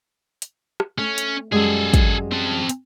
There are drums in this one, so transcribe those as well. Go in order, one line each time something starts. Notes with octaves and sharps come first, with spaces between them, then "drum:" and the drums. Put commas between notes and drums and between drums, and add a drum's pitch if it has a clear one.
drum: hi-hat
drum: rim click
A3 C#4
drum: hi-hat
F#2 G3 G#3 G#4 A4
drum: kick, hi-hat
C4 A5
drum: hi-hat